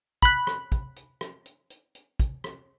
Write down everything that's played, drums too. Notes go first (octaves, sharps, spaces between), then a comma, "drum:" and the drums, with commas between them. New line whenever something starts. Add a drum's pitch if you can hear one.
B5 F#6, drum: kick, hi-hat
drum: rim click
drum: kick, hi-hat
drum: hi-hat
drum: rim click
drum: hi-hat
drum: hi-hat
drum: hi-hat
drum: kick, hi-hat
drum: rim click